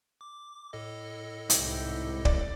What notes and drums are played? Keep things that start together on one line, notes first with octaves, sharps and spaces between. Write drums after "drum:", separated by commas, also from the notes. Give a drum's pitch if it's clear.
D6
A2 A4 D#5
C2 G#2 E4 G4, drum: hi-hat
D5, drum: kick